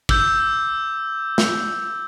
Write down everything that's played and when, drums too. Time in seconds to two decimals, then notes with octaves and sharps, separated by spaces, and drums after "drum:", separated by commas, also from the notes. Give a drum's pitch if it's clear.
0.09 D6 E6 G6, drum: kick
1.38 drum: snare